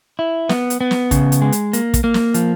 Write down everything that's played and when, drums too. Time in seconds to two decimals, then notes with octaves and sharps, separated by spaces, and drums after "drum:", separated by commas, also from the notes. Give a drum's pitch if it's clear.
0.19 E4
0.49 B3, drum: snare
0.70 drum: hi-hat
0.81 B3
0.91 drum: snare
1.11 C#3, drum: kick, hi-hat
1.32 drum: hi-hat
1.42 G#3
1.52 drum: hi-hat
1.73 A#3, drum: hi-hat
1.94 drum: kick, hi-hat
2.04 A#3
2.14 drum: snare
2.34 F3, drum: hi-hat